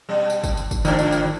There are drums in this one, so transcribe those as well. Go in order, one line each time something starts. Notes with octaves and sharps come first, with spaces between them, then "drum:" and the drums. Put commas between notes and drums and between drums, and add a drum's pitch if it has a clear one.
B2 G3
drum: tambourine
drum: kick, tambourine
drum: tambourine
drum: kick, tambourine
G#2 D#3 F3 D4, drum: tambourine
drum: tambourine
drum: tambourine